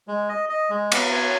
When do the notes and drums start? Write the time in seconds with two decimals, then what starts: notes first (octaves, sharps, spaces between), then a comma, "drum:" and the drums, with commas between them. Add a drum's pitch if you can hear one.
0.08 G#3
0.29 D#5
0.49 D#5
0.70 G#3
0.92 B3, drum: cymbal
1.11 C#5